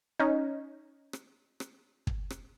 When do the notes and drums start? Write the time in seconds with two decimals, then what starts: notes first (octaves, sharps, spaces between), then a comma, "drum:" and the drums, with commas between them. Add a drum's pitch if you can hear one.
0.19 C#4 D#4
1.13 drum: rim click
1.60 drum: rim click
2.07 drum: kick
2.30 drum: rim click